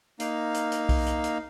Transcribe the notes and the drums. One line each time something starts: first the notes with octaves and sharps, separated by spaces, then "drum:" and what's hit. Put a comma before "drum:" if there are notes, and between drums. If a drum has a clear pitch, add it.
A#3 D#4 F5, drum: hi-hat
drum: hi-hat
drum: hi-hat
drum: kick B1, open hi-hat
drum: hi-hat
drum: hi-hat